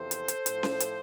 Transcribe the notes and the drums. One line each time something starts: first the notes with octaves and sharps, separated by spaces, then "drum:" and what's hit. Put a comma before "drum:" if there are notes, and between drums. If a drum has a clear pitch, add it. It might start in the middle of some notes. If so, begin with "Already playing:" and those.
Already playing: E2 C3 F3 A4 C5
drum: hi-hat
drum: hi-hat
A2 F3, drum: hi-hat
drum: snare C#4
drum: hi-hat